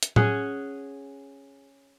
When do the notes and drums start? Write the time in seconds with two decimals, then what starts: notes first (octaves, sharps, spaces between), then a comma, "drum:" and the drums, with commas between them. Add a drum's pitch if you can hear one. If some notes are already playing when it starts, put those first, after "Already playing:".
0.03 drum: hi-hat
0.16 C#4 G#4 F#5, drum: tom A2